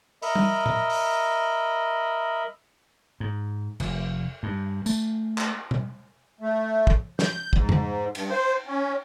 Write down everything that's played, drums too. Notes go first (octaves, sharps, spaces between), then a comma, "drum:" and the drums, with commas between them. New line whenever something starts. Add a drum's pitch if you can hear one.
A#4 D#5 E5 B5, drum: open hi-hat
drum: tom G3
drum: tom A#2
drum: open hi-hat
G#2
F1, drum: cymbal
G2
A3, drum: tambourine
drum: clap
drum: tom B2
A3
drum: kick
G6, drum: snare
G#2, drum: kick
drum: tom F2
G2, drum: cymbal
C5
C#4